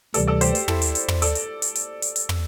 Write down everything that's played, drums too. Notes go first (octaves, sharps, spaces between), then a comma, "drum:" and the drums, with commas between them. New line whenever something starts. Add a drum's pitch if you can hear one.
D2 C3 E3 G3 A4 D5, drum: hi-hat
A4 D5
G4 C5, drum: hi-hat
drum: hi-hat
E4 A4, drum: tom
drum: hi-hat
drum: hi-hat
drum: tom
A4 D5, drum: hi-hat
drum: hi-hat
drum: hi-hat
drum: hi-hat
drum: hi-hat
drum: hi-hat
drum: tom